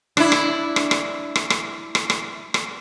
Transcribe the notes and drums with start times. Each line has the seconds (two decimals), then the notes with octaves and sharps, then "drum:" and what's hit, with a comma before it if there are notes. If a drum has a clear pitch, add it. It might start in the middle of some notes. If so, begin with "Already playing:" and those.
0.17 D4 E4, drum: rim click
0.32 drum: rim click
0.76 drum: rim click
0.91 drum: rim click
1.36 drum: rim click
1.50 drum: rim click
1.95 drum: rim click
2.10 drum: rim click
2.54 drum: rim click